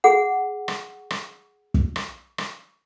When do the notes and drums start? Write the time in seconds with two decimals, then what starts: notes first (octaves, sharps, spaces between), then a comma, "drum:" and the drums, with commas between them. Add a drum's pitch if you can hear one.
0.04 G#4 F#5
0.68 drum: rim click
1.10 drum: rim click
1.74 drum: kick
1.96 drum: rim click
2.38 drum: rim click